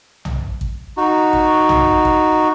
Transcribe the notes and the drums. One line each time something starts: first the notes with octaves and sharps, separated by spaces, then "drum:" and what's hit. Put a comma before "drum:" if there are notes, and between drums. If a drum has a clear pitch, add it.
drum: tom B1
drum: kick
D#4 F#4
drum: kick
drum: tom B1
drum: kick